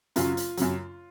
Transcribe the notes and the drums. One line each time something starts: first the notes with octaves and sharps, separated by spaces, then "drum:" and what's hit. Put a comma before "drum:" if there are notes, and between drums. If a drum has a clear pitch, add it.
F#2 C#3 F#3 F4, drum: hi-hat
drum: hi-hat
F#2 C#3 F#3, drum: hi-hat